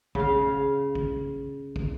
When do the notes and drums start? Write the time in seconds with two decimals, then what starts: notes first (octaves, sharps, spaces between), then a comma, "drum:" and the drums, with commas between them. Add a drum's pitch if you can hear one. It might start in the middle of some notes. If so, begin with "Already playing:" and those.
0.15 C#3 F5, drum: kick
0.95 drum: kick
1.76 drum: kick